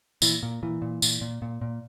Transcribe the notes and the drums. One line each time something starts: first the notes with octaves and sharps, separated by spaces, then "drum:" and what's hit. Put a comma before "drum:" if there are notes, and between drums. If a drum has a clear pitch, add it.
A#2 E3, drum: tambourine
A#2
A#2 E3
A#2
A#2, drum: tambourine
A#2
A#2
A#2